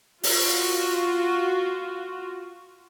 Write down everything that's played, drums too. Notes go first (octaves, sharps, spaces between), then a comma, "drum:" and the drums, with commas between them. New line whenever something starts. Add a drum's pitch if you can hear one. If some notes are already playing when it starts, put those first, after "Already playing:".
F4 F#4, drum: open hi-hat